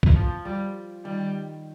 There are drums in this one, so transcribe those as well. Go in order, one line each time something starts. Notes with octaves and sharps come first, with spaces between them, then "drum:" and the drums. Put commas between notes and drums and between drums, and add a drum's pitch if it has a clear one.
drum: kick
F3
F3 G3
D#3 G3